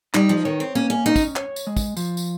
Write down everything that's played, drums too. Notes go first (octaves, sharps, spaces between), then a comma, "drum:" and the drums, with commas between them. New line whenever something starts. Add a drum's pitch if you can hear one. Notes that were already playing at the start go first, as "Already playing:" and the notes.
G3 D#4, drum: clap
F3
D#3 C#5
C4
A#3 C#4
C#4
C#4 D#4
drum: kick, tambourine
C#5, drum: clap
drum: tambourine
G#3
drum: kick, tambourine
F3, drum: tambourine
drum: tambourine